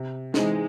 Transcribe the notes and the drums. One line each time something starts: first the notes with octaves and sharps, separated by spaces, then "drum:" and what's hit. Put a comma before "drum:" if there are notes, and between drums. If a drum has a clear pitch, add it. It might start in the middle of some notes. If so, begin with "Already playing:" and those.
Already playing: C3
E3 G#3 C4 D#4, drum: snare